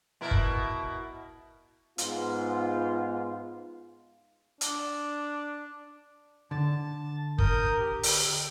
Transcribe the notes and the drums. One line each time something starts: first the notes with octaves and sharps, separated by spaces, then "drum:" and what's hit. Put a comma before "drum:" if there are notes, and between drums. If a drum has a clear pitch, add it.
B2 E4 A#4
drum: kick
G#2 B3 F4, drum: hi-hat
D4, drum: hi-hat
D3 A5
A#4 D#6 G6, drum: kick
G4
drum: open hi-hat